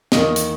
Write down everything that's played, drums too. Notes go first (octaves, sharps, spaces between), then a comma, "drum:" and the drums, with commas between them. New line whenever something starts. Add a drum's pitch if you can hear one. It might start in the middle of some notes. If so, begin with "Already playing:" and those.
E2 D#3 A#3 D#5, drum: snare
drum: hi-hat